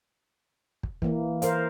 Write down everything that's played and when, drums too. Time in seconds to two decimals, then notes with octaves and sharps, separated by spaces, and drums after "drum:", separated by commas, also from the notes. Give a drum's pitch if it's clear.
0.83 drum: kick
1.02 E3 A#3, drum: kick
1.42 A#4 C5 F5, drum: hi-hat